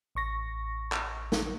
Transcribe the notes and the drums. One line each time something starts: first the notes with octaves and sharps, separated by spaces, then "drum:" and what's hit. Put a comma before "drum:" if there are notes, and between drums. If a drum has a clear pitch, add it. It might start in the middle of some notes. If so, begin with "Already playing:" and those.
A1 C#6 A#6
drum: clap
drum: snare